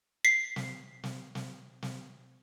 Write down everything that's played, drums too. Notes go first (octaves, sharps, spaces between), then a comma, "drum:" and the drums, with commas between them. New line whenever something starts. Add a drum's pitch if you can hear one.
B6 C7
drum: snare
drum: snare
drum: snare
drum: snare